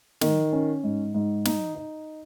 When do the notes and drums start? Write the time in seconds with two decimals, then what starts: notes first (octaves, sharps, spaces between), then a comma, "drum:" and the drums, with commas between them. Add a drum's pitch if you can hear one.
0.21 D#3, drum: snare
0.53 C#4
0.84 G#2
1.14 G#2
1.45 D#4, drum: snare
1.75 D#4